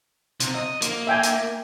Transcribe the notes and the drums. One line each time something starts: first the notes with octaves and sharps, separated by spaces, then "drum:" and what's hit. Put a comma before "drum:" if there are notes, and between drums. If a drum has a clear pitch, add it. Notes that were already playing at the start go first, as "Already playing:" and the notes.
C3, drum: hi-hat
D#5
A#3, drum: hi-hat
E5 G5 G#5
drum: hi-hat